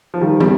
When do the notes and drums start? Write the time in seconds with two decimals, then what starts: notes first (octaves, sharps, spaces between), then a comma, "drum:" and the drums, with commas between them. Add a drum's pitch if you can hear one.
0.14 F3
0.21 D#3 G3
0.40 G3, drum: tom